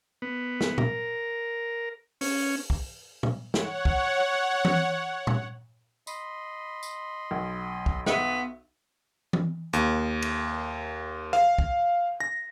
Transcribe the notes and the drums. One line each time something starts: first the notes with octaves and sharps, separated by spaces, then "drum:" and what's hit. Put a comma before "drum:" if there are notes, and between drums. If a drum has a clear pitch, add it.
B3
drum: snare
A#4, drum: tom A#2
C#4, drum: open hi-hat
drum: kick
drum: tom A#2
C#5 F#5, drum: snare
drum: kick
drum: tom E3
drum: tom A#2
D#5 B5 C6, drum: tambourine
drum: tambourine
B1
drum: kick
B3 F4 F#4 D#5 E5 G5, drum: snare
drum: tom E3
D#2, drum: hi-hat
drum: cymbal
F5, drum: rim click
drum: kick
A#6